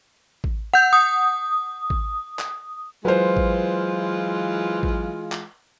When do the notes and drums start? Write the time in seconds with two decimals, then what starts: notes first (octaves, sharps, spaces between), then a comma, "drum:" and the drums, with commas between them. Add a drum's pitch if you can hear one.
0.44 drum: kick A1
0.74 F#5 G6
0.93 D#6
1.90 drum: kick A1
2.39 drum: clap
3.05 E3 F#3 G#3 F4 B4 C5
3.37 drum: kick A1
4.83 drum: kick A1
5.32 drum: clap